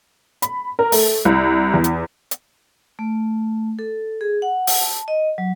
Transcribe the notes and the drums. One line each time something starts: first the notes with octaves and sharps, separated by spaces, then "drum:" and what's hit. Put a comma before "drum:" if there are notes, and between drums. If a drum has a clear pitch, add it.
B5, drum: hi-hat
A#4
A3, drum: open hi-hat
C2
E2
drum: hi-hat
drum: hi-hat
A3
A4
G#4
F#5
drum: open hi-hat
A5
D#5
F#3